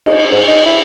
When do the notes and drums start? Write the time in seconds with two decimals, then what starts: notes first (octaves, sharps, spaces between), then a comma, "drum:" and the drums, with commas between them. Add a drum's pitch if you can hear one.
0.06 D#4, drum: cymbal
0.32 G#2
0.47 D#4
0.66 E4